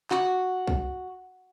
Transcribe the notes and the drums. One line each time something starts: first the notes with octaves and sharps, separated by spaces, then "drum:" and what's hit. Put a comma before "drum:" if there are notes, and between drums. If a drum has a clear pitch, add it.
F#4, drum: clap
drum: kick B1